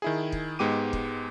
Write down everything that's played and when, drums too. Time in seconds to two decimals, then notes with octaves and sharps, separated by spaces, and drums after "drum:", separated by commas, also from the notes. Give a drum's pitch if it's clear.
0.02 D#3 E4 G#4
0.32 drum: kick
0.59 G#2 G#3 B3 G4 D6 D#7
0.93 drum: kick